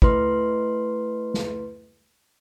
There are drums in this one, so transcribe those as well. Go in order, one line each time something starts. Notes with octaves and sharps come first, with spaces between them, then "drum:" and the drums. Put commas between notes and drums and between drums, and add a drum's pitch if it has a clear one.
A3 E4 B4 C6, drum: kick
drum: snare